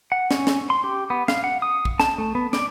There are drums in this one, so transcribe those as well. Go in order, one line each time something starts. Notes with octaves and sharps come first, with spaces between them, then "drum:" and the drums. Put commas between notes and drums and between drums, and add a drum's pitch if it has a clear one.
F#5
C#4, drum: snare
drum: snare
C6
G4
B3
F5, drum: snare
F#5
D#6
drum: kick
A5, drum: snare
A3
B3
D5, drum: snare